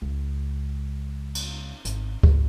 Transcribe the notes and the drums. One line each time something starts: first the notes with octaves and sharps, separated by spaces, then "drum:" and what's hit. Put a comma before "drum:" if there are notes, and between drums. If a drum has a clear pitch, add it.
C#2
drum: cymbal
G#1, drum: hi-hat
G#1 C#2, drum: kick C#2